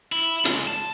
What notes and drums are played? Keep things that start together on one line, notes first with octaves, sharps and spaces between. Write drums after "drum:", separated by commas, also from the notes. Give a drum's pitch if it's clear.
E4
C#3 G#3, drum: hi-hat
A5